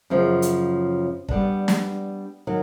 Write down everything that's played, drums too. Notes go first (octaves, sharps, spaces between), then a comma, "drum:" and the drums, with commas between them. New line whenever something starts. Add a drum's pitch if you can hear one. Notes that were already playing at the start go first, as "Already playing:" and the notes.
F#2 C#3 F3
drum: hi-hat
G3 B3 D4, drum: kick
drum: snare
D#3 F#3